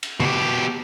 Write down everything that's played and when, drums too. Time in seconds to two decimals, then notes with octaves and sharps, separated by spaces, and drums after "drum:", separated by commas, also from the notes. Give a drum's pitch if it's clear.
0.03 drum: cymbal
0.20 B2 G4, drum: tom C#3